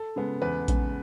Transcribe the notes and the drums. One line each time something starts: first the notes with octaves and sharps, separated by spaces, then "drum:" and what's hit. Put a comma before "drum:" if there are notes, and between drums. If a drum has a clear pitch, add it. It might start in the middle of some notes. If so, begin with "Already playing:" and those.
Already playing: A4
C#3 G#3 B3
E2 B4
C#3 G#3 B3, drum: kick A#1, hi-hat